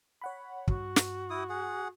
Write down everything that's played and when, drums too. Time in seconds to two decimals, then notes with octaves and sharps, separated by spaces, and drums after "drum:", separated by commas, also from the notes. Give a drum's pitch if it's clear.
0.22 C#5 F#5 B5
0.68 G2 F#4, drum: kick
0.96 drum: snare
1.30 E4 D#6
1.49 G#4 F#5